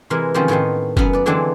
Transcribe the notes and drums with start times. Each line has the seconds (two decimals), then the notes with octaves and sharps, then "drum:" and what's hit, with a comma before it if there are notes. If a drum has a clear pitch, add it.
0.10 C3 E3 G#3 E4 A#4
0.34 C3 D#3 F3 C4 C#4
0.48 A2 D#3 B3 C4 D#4
0.97 F#2 B3, drum: kick, tambourine
1.13 B4 D5
1.26 D3 E3 G#3 C4 D4 A5